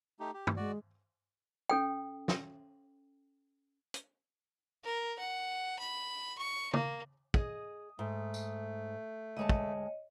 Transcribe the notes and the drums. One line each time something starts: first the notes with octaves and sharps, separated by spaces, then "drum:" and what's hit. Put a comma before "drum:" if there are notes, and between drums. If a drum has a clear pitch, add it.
A3 D#4 G4
G4
drum: tom G2
G#3 F#4 D5
C#4 A4 G5
drum: snare
drum: hi-hat
A#4
F#5
B5
C#6
A#3, drum: tom
G#4 D#5 D#6, drum: kick
G#2 A3
drum: tambourine
D2 G#3 C#5 D#5 A5
drum: kick